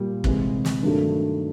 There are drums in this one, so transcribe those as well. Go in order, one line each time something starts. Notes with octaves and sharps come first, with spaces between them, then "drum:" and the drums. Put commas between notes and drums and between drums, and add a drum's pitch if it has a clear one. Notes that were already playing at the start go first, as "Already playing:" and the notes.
Already playing: A#2 G3
C3 E3 G#3, drum: kick
drum: snare
G2 D#3 F#3 A3 D4